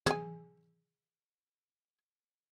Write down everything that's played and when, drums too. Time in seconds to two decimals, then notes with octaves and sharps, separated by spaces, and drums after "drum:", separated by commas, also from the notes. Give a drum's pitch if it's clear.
0.06 G#4 G#5, drum: tom